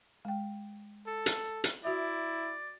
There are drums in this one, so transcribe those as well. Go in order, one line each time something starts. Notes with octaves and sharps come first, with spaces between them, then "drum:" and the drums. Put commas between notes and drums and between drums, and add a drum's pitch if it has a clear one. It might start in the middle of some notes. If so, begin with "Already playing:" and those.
G#3 G5
A4
drum: hi-hat
drum: hi-hat
E4 F#4 D5 E5